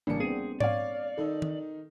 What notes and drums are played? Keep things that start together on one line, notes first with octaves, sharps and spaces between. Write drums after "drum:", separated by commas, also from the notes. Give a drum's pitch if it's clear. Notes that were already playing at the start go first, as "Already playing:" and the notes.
A1 C#3 G3 A#3 D4 C#7
B3 C4 G#4 D#7
C#5 D5 F5, drum: tom G#2
D#3 D#4 A4
drum: tom D#3